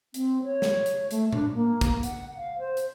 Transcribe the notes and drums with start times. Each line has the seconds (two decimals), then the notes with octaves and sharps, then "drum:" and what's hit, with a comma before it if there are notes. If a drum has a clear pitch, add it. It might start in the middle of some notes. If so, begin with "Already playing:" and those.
0.14 C4, drum: hi-hat
0.44 C#5
0.62 drum: snare
0.86 drum: hi-hat
1.11 A3, drum: hi-hat
1.33 D4, drum: tom A2
1.54 A#3
1.81 drum: kick, hi-hat
2.03 F#5, drum: hi-hat
2.37 F5
2.59 C5
2.77 drum: hi-hat